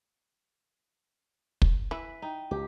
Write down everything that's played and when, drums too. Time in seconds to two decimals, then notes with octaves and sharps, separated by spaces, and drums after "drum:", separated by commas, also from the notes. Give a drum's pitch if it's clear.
1.62 drum: kick
1.91 E3 E4 B4
2.22 D#4 G5
2.51 C#2 G4